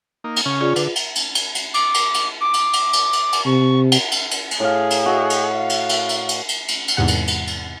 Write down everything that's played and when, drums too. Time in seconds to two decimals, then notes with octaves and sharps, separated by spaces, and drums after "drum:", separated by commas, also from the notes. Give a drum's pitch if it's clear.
0.24 A#3 D#4
0.36 drum: cymbal
0.46 C#3 C#4 F6
0.60 F4 G#4 D5
0.76 D3 B4 D6, drum: cymbal
0.96 drum: cymbal
1.15 drum: cymbal
1.35 drum: cymbal
1.55 drum: cymbal
1.74 D6, drum: cymbal
1.94 drum: cymbal
2.14 drum: cymbal
2.41 D6
2.54 drum: cymbal
2.73 drum: cymbal
2.93 drum: cymbal
3.13 drum: cymbal
3.32 drum: cymbal
3.46 C3 C#6
3.92 drum: cymbal
4.11 drum: cymbal
4.31 drum: cymbal
4.51 drum: cymbal
4.60 A2 G#4 F5
4.90 drum: cymbal
5.06 F#4 D#5 E5
5.30 drum: cymbal
5.54 F5
5.69 drum: cymbal
5.89 drum: cymbal
6.09 drum: cymbal
6.29 drum: cymbal
6.48 drum: cymbal
6.68 drum: cymbal
6.88 drum: cymbal
6.97 E2 G#2 C3 F#5
7.08 drum: cymbal
7.27 drum: cymbal
7.47 drum: cymbal